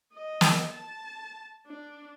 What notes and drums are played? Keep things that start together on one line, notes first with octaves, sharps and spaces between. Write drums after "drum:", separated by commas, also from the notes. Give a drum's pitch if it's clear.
D#5
drum: snare
A5
D4